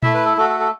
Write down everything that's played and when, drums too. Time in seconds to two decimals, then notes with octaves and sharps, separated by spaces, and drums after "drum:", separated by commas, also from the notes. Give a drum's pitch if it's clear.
0.03 A3 E4 E5, drum: tom A#2
0.14 B4
0.25 A4
0.37 A3 F#4 A4
0.49 A4
0.60 A4